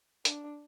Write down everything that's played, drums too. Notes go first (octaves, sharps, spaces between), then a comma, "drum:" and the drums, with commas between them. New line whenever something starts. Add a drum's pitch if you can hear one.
D4, drum: hi-hat